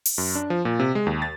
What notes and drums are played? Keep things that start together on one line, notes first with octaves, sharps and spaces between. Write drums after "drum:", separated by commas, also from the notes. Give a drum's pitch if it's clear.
drum: open hi-hat
F#2
D4
F3
A#2
C3
G#3
D#2
A6